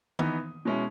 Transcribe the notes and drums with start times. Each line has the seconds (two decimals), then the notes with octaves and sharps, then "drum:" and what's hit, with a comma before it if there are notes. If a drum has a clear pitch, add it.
0.19 E3 B3 D#4, drum: tom D#3
0.65 B2 G#3 C#4 E4